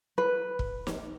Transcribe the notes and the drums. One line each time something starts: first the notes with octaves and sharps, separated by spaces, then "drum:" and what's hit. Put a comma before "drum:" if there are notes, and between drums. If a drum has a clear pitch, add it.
B4
drum: kick
drum: snare